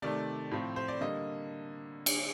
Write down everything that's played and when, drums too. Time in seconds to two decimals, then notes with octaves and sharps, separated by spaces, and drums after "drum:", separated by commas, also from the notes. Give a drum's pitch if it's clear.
0.02 C3 D#3 A3 D5
0.51 A2 F3 C4
0.76 C5
0.88 D5
1.01 D3 G3 A#3 D#5
2.06 drum: cymbal